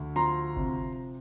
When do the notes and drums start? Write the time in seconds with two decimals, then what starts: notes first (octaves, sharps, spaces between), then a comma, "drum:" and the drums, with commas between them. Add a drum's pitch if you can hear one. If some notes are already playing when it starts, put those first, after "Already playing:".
Already playing: D2
0.16 F3 A#5 C6
0.57 C3, drum: kick G1